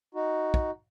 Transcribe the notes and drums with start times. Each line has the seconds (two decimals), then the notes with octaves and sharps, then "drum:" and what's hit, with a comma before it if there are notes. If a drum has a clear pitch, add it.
0.14 D#4 F#4
0.54 drum: kick